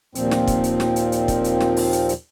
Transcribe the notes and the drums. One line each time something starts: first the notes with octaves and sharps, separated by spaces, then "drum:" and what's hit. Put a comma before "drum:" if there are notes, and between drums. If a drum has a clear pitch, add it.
D#2 A#2 F3 C4, drum: hi-hat
drum: snare
drum: kick, hi-hat
drum: hi-hat
drum: snare
drum: hi-hat
drum: hi-hat
drum: kick, hi-hat
drum: hi-hat
drum: snare
drum: open hi-hat
drum: hi-hat
drum: hi-hat